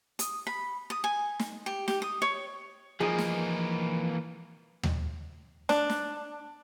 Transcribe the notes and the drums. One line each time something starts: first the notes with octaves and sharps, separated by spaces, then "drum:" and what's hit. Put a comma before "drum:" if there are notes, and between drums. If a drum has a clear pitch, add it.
D#6, drum: hi-hat
B5
D#6
G#5
drum: snare
G4
G4, drum: snare
D#6
C#5
E3 F3 A#3 D#4 G#4
drum: snare
drum: tom D#2
D4, drum: snare
drum: snare